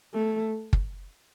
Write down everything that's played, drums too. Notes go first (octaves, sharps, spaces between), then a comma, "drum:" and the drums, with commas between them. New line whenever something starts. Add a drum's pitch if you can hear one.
A3
drum: kick